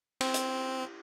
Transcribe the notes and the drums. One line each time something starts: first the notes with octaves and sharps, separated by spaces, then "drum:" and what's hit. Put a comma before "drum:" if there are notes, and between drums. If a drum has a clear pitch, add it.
C4, drum: cymbal
drum: hi-hat